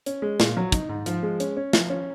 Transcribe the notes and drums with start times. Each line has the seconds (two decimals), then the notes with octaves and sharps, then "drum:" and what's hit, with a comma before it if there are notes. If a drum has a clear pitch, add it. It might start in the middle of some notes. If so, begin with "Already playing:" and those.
0.06 C#4, drum: hi-hat
0.22 G#3
0.40 A#2, drum: snare
0.57 F#3
0.72 D#4, drum: kick, hi-hat
0.89 G#2
1.06 F3, drum: hi-hat
1.23 G#3
1.40 C#4, drum: hi-hat
1.57 C#4
1.73 F3, drum: snare
1.90 C#4